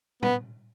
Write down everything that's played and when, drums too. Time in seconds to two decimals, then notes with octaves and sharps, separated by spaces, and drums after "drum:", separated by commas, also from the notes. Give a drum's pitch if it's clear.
0.23 B3, drum: tom A#2